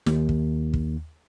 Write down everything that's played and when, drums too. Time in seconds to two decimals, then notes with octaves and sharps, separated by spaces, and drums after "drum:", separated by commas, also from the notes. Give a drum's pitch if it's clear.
0.06 D#2, drum: snare
0.29 drum: kick
0.74 drum: kick